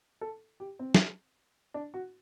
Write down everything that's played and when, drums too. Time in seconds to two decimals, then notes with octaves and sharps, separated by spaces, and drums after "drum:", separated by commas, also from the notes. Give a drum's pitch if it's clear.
0.21 A4
0.60 G4
0.79 C4
0.95 drum: snare
1.74 D4
1.94 F#4